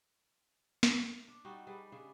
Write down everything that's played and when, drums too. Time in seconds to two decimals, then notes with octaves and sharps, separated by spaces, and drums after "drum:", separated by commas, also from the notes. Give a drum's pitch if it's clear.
0.83 drum: snare
1.28 D4
1.45 G3 C4 D#4 F#4
1.67 G3 G#4 B4
1.92 C#3 D4 G#4